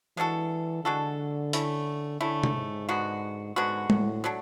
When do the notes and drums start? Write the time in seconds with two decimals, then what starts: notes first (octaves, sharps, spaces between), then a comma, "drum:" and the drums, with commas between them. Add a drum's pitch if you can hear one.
0.17 E3 G#3 D4 F#4 A4
0.85 D3 G#3 D4 F#4 A4
1.53 A3 C#4 E4, drum: hi-hat
2.20 D3 A3 C#4 E4
2.43 drum: tom
2.54 G#2
2.89 D3 G#3 B3 F#4
3.56 G#2 D3 G#3 B3 F#4
3.90 A2, drum: tom
4.24 F#3 A3 D4